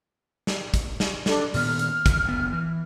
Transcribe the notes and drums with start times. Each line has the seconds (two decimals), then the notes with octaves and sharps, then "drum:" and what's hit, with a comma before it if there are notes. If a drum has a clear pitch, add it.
0.47 drum: snare
0.74 drum: kick, hi-hat
1.00 drum: snare
1.26 D4 A4, drum: snare
1.54 A#2 D#3 B3 F6, drum: open hi-hat
1.79 drum: hi-hat
2.06 D2 C#3 E3, drum: kick, hi-hat
2.24 F#1 D2 B3
2.52 E3